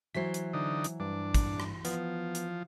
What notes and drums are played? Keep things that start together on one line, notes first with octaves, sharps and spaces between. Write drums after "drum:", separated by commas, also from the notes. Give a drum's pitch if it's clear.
E3 F#3 C5 B6 C7
drum: hi-hat
D3 D#4
drum: hi-hat
G2 D4
drum: kick, hi-hat
drum: rim click
F3 B3, drum: hi-hat
drum: hi-hat